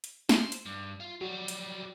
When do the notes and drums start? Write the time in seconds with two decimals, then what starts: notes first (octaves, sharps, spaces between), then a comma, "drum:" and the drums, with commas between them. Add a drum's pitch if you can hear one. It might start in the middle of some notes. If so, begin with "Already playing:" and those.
0.04 drum: hi-hat
0.29 C5, drum: snare
0.52 drum: hi-hat
0.66 G2
1.00 F4
1.21 F#3 G3 F#4
1.48 drum: hi-hat